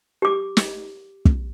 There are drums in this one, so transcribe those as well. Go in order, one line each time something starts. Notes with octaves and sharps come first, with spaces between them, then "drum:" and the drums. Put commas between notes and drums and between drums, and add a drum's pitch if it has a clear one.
G4 D6
drum: snare
drum: kick